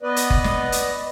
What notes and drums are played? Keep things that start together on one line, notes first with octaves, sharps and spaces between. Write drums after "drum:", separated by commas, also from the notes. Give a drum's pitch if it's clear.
B3 B4 D5 D#5
drum: hi-hat
drum: kick F#1
drum: snare
drum: hi-hat